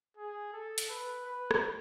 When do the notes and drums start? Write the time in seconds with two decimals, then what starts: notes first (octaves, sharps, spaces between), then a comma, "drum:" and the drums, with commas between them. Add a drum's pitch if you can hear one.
0.17 G#4
0.53 A4
0.78 drum: hi-hat
0.90 B4
1.26 B4
1.51 drum: rim click